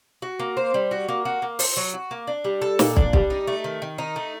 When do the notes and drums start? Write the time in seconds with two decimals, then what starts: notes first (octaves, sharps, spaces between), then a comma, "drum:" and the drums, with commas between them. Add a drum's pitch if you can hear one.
0.22 F#4
0.39 A#3
0.57 C5
0.74 G3
0.91 F#4
1.08 A#3
1.25 F#4
1.42 A#3
1.59 C5, drum: open hi-hat
1.77 F#3
1.94 F#4
2.11 A#3
2.27 D4
2.44 G3
2.62 A4
2.79 A#2, drum: snare
2.96 D4, drum: kick
3.13 G3, drum: kick
3.30 D#4
3.47 A3
3.64 D#3
3.82 D#3
3.98 D#4
4.16 A3